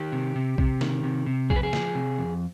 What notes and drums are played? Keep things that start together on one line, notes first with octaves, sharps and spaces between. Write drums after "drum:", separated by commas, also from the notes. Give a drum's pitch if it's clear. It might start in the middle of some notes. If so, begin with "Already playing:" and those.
Already playing: D#3 G4
C3
C3
C3, drum: kick
D#3, drum: snare
C3
C3
F2 G#4, drum: kick
B4
G#4
F3, drum: snare
C3
F2